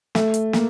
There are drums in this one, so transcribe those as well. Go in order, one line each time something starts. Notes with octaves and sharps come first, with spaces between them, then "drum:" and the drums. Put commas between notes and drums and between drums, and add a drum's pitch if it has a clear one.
A3, drum: snare
drum: hi-hat
A#3, drum: snare